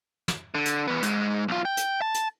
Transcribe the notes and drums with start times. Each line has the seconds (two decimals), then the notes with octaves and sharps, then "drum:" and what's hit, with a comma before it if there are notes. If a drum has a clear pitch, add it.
0.28 drum: snare
0.55 D3
0.65 drum: hi-hat
0.88 E2 B3
1.03 G#2 G#3, drum: hi-hat
1.48 B1 F4
1.65 G5
1.77 drum: hi-hat
2.02 A5
2.14 drum: hi-hat